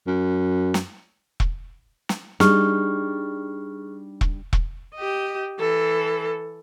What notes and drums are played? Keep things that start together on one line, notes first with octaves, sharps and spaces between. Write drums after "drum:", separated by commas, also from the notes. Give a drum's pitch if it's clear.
F#2
drum: snare
drum: kick E1
drum: snare
G3 D4 D#4 G#4 C#6 F6, drum: snare
drum: kick E1
drum: kick E1
G4 D#5
E3 A4